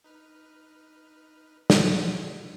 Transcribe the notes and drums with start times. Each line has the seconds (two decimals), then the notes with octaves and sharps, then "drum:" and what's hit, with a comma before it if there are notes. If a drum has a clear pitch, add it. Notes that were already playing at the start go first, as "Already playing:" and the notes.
0.04 D#4 B4 F6
1.70 drum: snare